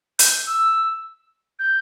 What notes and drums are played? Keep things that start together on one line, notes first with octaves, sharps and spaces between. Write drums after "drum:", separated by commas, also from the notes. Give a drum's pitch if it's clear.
G6, drum: hi-hat
E6
G6